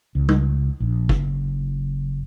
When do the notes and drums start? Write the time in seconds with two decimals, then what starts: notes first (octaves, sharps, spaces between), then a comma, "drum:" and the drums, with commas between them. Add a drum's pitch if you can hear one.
0.15 C#2
0.29 drum: tom G3
0.80 A#1
1.09 F#1, drum: kick